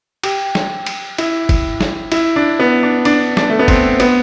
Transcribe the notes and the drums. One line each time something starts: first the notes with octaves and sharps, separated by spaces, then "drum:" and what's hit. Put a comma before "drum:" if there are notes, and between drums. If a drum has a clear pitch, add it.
G4, drum: cymbal
drum: snare
drum: cymbal
E4, drum: cymbal
drum: kick, cymbal
drum: snare
E4, drum: cymbal
D4
B3
D4
D4, drum: cymbal
D4, drum: snare
A3
B3
C4, drum: kick, cymbal
B3, drum: cymbal